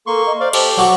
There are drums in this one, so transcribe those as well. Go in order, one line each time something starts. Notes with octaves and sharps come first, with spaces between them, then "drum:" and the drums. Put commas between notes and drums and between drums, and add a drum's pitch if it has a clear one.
A#3 A4 C6 C#6
D#5
C5 D5 F5
G4 A4 C5, drum: cymbal
F#3 F#4 C#6 D6